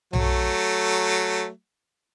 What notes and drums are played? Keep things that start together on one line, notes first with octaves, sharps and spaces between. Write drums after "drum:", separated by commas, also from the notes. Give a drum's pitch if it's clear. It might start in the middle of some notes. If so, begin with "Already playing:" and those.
F#3 A3, drum: tom B1